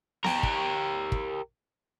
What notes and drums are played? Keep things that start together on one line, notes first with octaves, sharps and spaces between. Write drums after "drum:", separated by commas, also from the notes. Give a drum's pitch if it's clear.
G4 A#4, drum: snare B3
drum: kick
drum: kick